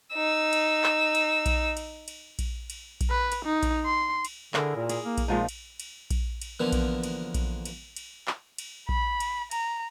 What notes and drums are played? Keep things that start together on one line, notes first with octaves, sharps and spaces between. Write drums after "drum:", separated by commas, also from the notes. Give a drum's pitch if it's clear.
D#4 E6
drum: cymbal
drum: clap
drum: cymbal
drum: kick A#1, cymbal
drum: cymbal
drum: cymbal
drum: kick A#1, cymbal
drum: cymbal
drum: kick A#1, cymbal
B4
drum: cymbal
D#4
drum: kick A#1, cymbal
C6
drum: cymbal
D3 E4 G#4 A#4, drum: clap
A#2
G#4, drum: cymbal
A#3
drum: kick A#1, cymbal
A#2 F3 G#3 D#4
drum: cymbal
drum: cymbal
drum: kick A#1, cymbal
drum: cymbal
D3 E3 F3 A#3 B3
drum: kick A#1, cymbal
drum: cymbal
drum: kick A#1, cymbal
drum: cymbal
drum: cymbal
drum: clap
drum: cymbal
B5, drum: kick A#1
drum: cymbal
A#5, drum: cymbal